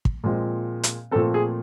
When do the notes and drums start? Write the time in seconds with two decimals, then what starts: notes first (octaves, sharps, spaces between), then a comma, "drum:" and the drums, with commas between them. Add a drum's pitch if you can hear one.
0.05 drum: kick
0.24 A#2 F3 G#3 C4
0.83 drum: hi-hat
1.11 A#2 F3 A3 C4 A4
1.34 G#4